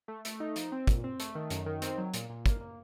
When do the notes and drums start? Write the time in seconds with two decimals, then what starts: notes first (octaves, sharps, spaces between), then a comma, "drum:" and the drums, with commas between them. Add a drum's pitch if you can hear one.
0.08 A3
0.25 A3, drum: hi-hat
0.40 D#4
0.56 F3, drum: hi-hat
0.72 C4
0.87 A#2, drum: kick, hi-hat
1.04 C4
1.20 A3, drum: hi-hat
1.35 D#3
1.50 F#2, drum: hi-hat
1.66 D#3
1.82 C4, drum: hi-hat
1.98 F#3
2.14 A#2, drum: hi-hat
2.30 A#2
2.46 A#3, drum: kick, hi-hat
2.61 A#3